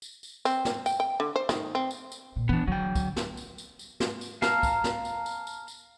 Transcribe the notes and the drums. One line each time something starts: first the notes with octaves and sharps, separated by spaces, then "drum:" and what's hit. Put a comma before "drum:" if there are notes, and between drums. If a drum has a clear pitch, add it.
drum: tambourine
drum: tambourine
C4, drum: tambourine
drum: snare
G5, drum: tambourine
G5
D3
C5
D#3, drum: snare
C4
drum: tambourine
drum: tambourine
A#2
E3 B3 D4
D3 F#3 G5
drum: kick, tambourine
drum: snare
drum: tambourine
drum: tambourine
drum: tambourine
drum: snare
drum: tambourine
F5 A5 A#5 F6, drum: snare
drum: kick, tambourine
drum: snare
drum: tambourine
drum: tambourine
drum: tambourine
drum: tambourine